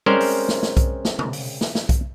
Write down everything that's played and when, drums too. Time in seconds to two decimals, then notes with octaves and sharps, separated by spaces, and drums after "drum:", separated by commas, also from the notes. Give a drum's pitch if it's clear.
0.06 G#3 C4 C#4 A#4 C5 D5, drum: tom G3
0.20 drum: open hi-hat
0.49 drum: snare
0.63 drum: snare
0.77 drum: kick B1, hi-hat
1.05 drum: snare
1.19 drum: tom B2
1.33 drum: open hi-hat
1.61 drum: snare
1.75 drum: snare
1.89 drum: kick B1, hi-hat